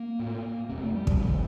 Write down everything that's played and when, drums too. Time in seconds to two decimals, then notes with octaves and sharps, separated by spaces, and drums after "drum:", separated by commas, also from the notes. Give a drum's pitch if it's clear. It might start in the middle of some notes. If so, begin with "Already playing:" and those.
Already playing: A#3
0.19 A2
0.69 F2 C3 C4
0.77 G3
0.81 A3
0.95 G3
1.07 F3, drum: kick
1.19 F2 C3 D#3